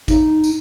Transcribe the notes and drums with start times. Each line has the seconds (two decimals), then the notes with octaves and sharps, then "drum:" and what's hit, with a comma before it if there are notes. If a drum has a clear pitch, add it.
0.08 D#4, drum: kick A1, tambourine
0.44 drum: tambourine